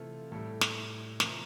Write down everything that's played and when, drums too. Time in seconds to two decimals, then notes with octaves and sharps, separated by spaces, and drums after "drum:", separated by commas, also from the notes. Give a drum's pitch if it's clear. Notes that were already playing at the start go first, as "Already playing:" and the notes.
Already playing: C3 E3 A3 F4 A4
0.32 A2 G3 A4
0.61 drum: snare
1.20 C3 F3 A3 A#4, drum: snare